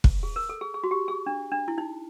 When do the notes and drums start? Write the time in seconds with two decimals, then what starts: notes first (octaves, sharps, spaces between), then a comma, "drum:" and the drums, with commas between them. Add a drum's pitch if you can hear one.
0.04 drum: kick
0.23 G#4
0.36 A#4
0.49 A4
0.61 G#4
0.74 G#4
0.84 F#4
0.91 G4
1.08 G#4
1.26 D4
1.52 D4
1.68 E4
1.78 D#4